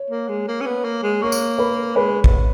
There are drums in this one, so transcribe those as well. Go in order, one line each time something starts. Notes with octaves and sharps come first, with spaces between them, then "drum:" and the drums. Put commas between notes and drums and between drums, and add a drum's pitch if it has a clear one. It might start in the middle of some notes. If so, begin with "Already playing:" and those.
Already playing: C#5
A#3
G#3
A#3
C#4
B3
A#3
G#3
A#3 C#5 C#6
drum: tambourine
B4 B5
G#3 B4 B5
drum: kick